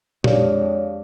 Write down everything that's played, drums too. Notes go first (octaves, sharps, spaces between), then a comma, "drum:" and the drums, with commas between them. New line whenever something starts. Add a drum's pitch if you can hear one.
F2 G#3 D4 G4 C#5 F5, drum: tom A#2